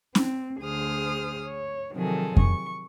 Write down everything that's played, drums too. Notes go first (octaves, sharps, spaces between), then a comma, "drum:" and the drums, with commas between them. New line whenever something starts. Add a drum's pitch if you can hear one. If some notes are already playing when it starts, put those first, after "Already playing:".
C4, drum: snare
D2 D3 G#4 C5 D#6 F6
C#5
C3 D#3 F3 F#3 G#4 A4
C#6, drum: kick F2